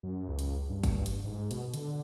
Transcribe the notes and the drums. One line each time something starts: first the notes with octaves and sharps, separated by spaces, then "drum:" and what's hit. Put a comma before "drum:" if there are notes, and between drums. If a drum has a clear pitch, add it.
F#2
C#2
drum: hi-hat
G2
drum: kick, hi-hat
drum: hi-hat
G#2
B2, drum: hi-hat
D3, drum: hi-hat